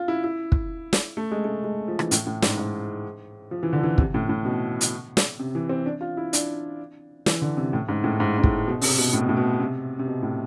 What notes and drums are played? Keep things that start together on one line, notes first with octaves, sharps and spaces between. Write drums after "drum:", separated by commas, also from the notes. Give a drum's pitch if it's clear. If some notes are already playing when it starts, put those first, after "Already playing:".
Already playing: F4
E4
E4
drum: kick
drum: snare
A3
G#3
A3
G#3
F3
E3, drum: rim click
A2, drum: hi-hat
A2
G#2, drum: snare
G#2
F3
E3
D3
E3
C3, drum: kick
A2
A2
B2
drum: hi-hat
drum: snare
C3
E3
C4
D4
F4
E4
D4, drum: hi-hat
E3, drum: snare
D3
C3
A2
G#2
A2
G#2
G#2
A2, drum: kick
B2
C3, drum: open hi-hat
B2
A2
B2
A2
B2
C3
C3
B2
A2